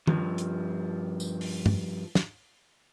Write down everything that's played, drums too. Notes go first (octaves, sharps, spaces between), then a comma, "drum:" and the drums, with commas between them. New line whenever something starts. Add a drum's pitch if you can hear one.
G2 F3, drum: tom
drum: hi-hat
drum: tambourine
drum: open hi-hat
drum: tom G2
drum: snare